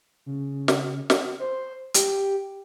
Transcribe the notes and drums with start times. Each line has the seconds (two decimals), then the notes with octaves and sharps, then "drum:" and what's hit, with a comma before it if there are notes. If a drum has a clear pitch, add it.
0.26 C#3
0.68 drum: snare
1.10 drum: snare
1.40 C5
1.94 G4, drum: hi-hat